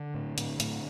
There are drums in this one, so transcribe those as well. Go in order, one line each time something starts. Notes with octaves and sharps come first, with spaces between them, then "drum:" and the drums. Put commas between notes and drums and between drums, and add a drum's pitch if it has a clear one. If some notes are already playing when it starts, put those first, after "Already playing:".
Already playing: D3
A2
A2, drum: hi-hat
A2, drum: hi-hat